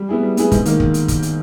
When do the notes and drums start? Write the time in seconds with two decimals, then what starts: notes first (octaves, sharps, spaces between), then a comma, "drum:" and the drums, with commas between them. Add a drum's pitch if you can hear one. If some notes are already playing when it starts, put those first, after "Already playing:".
Already playing: G3
0.09 B3 E4 G#4
0.23 G3
0.37 B3 E4 G#4, drum: hi-hat
0.52 G#2, drum: kick, hi-hat
0.65 D#3 A#3, drum: hi-hat
0.80 drum: kick
0.94 drum: hi-hat
1.08 drum: kick, hi-hat
1.22 drum: hi-hat